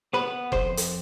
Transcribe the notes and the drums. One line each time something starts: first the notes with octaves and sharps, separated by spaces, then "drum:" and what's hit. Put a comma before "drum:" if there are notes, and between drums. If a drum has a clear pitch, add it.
B3 B4
F2 C5, drum: kick F1
drum: hi-hat